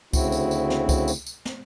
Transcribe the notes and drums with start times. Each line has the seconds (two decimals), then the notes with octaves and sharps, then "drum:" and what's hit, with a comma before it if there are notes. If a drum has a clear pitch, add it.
0.13 D2 C#3 C4 E4 F#4, drum: kick C#2, tambourine
0.32 drum: tambourine
0.51 drum: tambourine
0.70 drum: snare
0.89 drum: kick C#2, tambourine
1.08 drum: tambourine
1.27 drum: tambourine
1.45 drum: snare